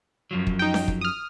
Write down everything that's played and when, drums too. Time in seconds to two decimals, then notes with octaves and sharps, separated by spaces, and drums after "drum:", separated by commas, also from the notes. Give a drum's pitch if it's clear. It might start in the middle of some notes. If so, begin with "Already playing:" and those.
0.31 F#2 F3 F#3
0.47 drum: kick
0.59 D#4 G5
0.74 drum: snare C#4
0.88 drum: kick
1.01 D#6 F6